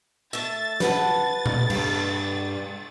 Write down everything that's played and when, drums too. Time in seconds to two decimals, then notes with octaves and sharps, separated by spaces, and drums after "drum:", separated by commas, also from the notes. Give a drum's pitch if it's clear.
0.33 A3 E5 A6
0.80 B4 F#5 A5, drum: snare
1.46 drum: tom A#2
1.70 G2, drum: cymbal